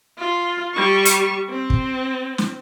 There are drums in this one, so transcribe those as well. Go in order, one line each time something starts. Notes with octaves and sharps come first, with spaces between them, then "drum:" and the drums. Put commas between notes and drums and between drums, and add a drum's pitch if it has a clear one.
F4
G3 C#6
drum: hi-hat
C4
drum: kick
drum: snare